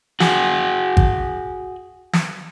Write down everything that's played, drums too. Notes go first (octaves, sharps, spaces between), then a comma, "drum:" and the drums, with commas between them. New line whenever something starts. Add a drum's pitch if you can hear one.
F#4 G#4, drum: snare
drum: kick G#1
drum: snare